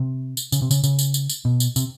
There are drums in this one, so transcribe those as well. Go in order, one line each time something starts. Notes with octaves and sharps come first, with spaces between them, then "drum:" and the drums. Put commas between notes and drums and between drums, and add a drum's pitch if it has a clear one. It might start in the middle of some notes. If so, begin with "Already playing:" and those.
Already playing: C3
drum: tambourine
C#3, drum: tambourine
C3
C#3, drum: tambourine
C#3, drum: tambourine
drum: tambourine
drum: tambourine
drum: tambourine
B2
drum: tambourine
C3, drum: tambourine